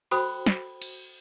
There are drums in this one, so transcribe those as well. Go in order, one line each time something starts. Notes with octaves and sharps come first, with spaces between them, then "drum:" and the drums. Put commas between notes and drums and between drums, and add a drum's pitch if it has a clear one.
F#4 A4 C5 G5 B5 D#6, drum: cymbal
drum: snare
drum: cymbal